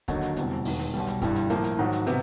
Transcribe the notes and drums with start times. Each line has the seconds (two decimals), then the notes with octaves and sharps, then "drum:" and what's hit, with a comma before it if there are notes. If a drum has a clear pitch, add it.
0.08 D#2 D3 F#3 A#3 D#4, drum: kick, hi-hat
0.22 drum: hi-hat
0.37 F1 E2 B2 G3 C4, drum: hi-hat
0.65 E1 D#2 D#3 G#3 B3, drum: open hi-hat
0.79 drum: hi-hat
0.94 B1 B2 G3
1.07 drum: hi-hat
1.22 G1 G2 E3 G3, drum: kick, hi-hat
1.36 drum: hi-hat
1.50 A2 F3 A#3, drum: hi-hat
1.64 drum: hi-hat
1.78 G#2 D#3 F#3
1.93 drum: hi-hat
2.07 C3 D#3 B3, drum: hi-hat